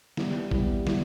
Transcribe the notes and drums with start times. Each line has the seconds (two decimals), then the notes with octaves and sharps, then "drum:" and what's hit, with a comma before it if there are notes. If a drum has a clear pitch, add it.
0.17 G3 B3 E4, drum: snare
0.51 G3 B3 E4, drum: kick
0.87 G3 B3 E4, drum: snare